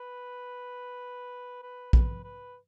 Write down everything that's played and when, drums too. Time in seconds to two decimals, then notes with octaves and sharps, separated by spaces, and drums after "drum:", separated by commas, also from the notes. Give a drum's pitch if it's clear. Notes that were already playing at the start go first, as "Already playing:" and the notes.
Already playing: B4
1.62 B4
1.93 B4, drum: kick A#1
2.24 B4